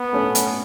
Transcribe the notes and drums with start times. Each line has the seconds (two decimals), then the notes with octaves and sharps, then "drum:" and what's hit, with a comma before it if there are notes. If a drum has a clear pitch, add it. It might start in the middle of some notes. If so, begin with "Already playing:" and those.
Already playing: B3
0.13 A3 C#4
0.35 drum: hi-hat